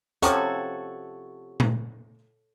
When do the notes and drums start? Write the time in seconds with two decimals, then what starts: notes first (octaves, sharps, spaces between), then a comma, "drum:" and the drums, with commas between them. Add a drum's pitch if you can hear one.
0.22 C3 F3 C4 C#4 F#4 A4 C#5, drum: hi-hat
1.60 drum: tom A#2